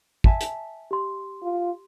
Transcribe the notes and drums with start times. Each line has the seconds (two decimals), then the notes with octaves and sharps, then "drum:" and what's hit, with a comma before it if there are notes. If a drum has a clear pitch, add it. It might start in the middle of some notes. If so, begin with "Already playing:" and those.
0.24 E5 G#5 A5, drum: kick
0.41 drum: hi-hat
0.91 G4 C6
1.43 F4